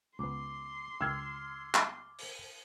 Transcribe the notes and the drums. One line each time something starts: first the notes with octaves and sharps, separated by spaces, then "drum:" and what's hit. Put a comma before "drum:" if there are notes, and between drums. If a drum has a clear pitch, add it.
C#2 B3 C6 D6 C7
C#2 G5 E6 F6 G#6
drum: clap
drum: open hi-hat